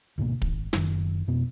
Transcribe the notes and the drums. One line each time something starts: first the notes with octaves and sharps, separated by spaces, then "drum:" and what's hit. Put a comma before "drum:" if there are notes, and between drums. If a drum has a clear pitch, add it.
D2 G#2 B2 A#3
G#1, drum: kick
F#1 F#2 D#3, drum: snare
F2 B2 B3